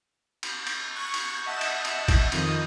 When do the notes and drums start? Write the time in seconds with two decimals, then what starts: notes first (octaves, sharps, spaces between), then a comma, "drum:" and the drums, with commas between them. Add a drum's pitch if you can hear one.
0.43 drum: cymbal
0.67 drum: cymbal
0.95 C#6 F#6 G#6
1.14 drum: cymbal
1.46 D#5 E5 F#5 A5 E7
1.61 drum: cymbal
1.85 drum: cymbal
2.08 drum: kick, cymbal
2.32 F2 D#3 F3 D#5 D#6, drum: cymbal